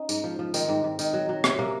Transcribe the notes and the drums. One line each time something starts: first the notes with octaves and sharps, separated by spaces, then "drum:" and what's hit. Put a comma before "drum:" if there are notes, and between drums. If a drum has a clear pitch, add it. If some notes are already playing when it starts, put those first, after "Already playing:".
Already playing: C#4 D#4
G#2, drum: tambourine
F3
F3
D#3 C4, drum: tambourine
G#2
G#2
D#3, drum: tambourine
F#3
F#3
C3 C#4, drum: rim click
C3 A#3